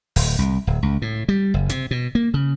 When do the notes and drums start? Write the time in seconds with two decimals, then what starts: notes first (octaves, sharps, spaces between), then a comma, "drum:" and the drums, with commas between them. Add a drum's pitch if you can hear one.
0.16 D1, drum: open hi-hat
0.39 C2
0.67 D1
0.83 C#2
1.02 A2
1.29 G3
1.54 F#1
1.69 C3, drum: hi-hat
1.91 B2
2.15 A#3
2.34 C#3